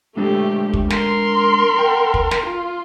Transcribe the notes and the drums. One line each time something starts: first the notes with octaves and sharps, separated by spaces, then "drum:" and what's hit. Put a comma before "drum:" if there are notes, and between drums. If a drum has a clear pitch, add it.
G#3 A3 D4 G4 A4
drum: kick
A#4 C6, drum: snare
F#5 G5
drum: kick
drum: snare
F4